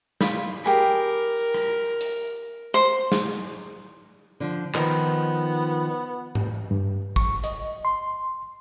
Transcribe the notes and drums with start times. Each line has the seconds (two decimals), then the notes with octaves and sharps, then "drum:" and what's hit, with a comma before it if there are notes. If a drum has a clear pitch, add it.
0.21 F4 B5, drum: snare
0.64 G4 G#4 A#4 B5
1.54 drum: rim click
2.01 drum: hi-hat
2.74 C5 C6
3.12 drum: snare
4.40 D3 F3
4.75 D#3 F3 B3 D#4, drum: clap
6.35 drum: tom G#2
6.71 G2
7.16 C#6, drum: kick
7.44 D#5, drum: hi-hat
7.85 C6